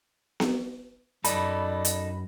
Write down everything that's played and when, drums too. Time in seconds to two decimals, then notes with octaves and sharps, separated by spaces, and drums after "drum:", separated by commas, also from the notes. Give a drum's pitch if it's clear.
0.40 drum: snare B3
1.24 F#2 D#4 A4 D5 B5, drum: hi-hat
1.85 drum: hi-hat